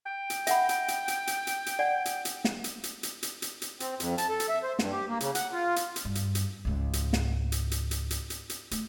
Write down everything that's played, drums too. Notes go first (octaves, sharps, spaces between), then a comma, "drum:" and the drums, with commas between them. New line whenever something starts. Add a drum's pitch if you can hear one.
G5
drum: hi-hat
E5 F#5 B5, drum: hi-hat
drum: hi-hat
drum: hi-hat
drum: hi-hat
drum: hi-hat
drum: hi-hat
drum: hi-hat
D5 F#5 G#5
drum: hi-hat
drum: hi-hat
drum: snare
drum: hi-hat
drum: hi-hat
drum: hi-hat
drum: hi-hat
drum: hi-hat
drum: hi-hat
C4, drum: hi-hat
F2, drum: hi-hat
A5, drum: hi-hat
A4
drum: hi-hat
E5
C5
G2, drum: snare
G4
A#3
C#3, drum: hi-hat
F#5, drum: hi-hat
F4
drum: hi-hat
drum: hi-hat
G2
drum: hi-hat
drum: hi-hat
C#2 G#2
drum: hi-hat
drum: snare
drum: hi-hat
drum: hi-hat
drum: hi-hat
drum: hi-hat
drum: hi-hat
drum: hi-hat
A3, drum: hi-hat